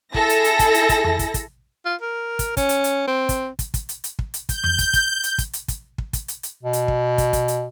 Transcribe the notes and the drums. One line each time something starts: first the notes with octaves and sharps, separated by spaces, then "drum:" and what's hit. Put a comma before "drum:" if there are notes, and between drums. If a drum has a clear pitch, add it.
E4 G#4 A4 A#6, drum: kick
drum: hi-hat
drum: hi-hat
drum: kick, hi-hat
drum: hi-hat
drum: kick, hi-hat
drum: tom F2
drum: kick, hi-hat
drum: kick, hi-hat
F4
A#4
drum: kick, hi-hat
C#4, drum: kick, hi-hat
drum: hi-hat
drum: hi-hat
C4
drum: kick, hi-hat
drum: kick, hi-hat
drum: kick, hi-hat
drum: hi-hat
drum: hi-hat
drum: kick
drum: hi-hat
G6, drum: kick, hi-hat
drum: tom F2
drum: kick, hi-hat
drum: kick, hi-hat
drum: hi-hat
drum: kick, hi-hat
drum: hi-hat
drum: kick, hi-hat
drum: kick
drum: kick, hi-hat
drum: hi-hat
drum: hi-hat
B2
drum: hi-hat
drum: kick
drum: kick, hi-hat
drum: kick, hi-hat
drum: hi-hat